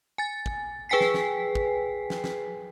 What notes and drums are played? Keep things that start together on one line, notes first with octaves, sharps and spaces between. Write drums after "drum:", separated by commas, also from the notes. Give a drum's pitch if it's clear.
G#5 A6
drum: kick
G#4 B4 G5 G#5 B6 C7
drum: snare
drum: snare
drum: kick
drum: snare
drum: snare